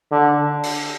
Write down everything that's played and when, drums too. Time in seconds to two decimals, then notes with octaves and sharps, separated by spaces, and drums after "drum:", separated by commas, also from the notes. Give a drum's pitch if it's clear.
0.11 D3
0.63 drum: open hi-hat